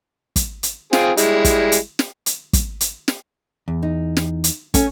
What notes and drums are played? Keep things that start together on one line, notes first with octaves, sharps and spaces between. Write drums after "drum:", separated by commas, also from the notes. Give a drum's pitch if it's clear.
drum: kick, hi-hat
drum: hi-hat
C4 F4 G#4, drum: snare
G3 G#3 E4, drum: hi-hat
drum: kick, hi-hat
drum: hi-hat
drum: snare
drum: hi-hat
drum: kick, hi-hat
drum: hi-hat
drum: snare
E2
D#4
drum: snare
drum: hi-hat
C#4 A4 G#5, drum: kick, hi-hat